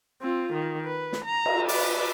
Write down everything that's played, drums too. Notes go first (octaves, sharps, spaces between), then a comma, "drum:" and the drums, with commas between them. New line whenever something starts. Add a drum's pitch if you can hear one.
C4 F4
D#3
B4
drum: snare
A#5
drum: cymbal
B4 D5, drum: open hi-hat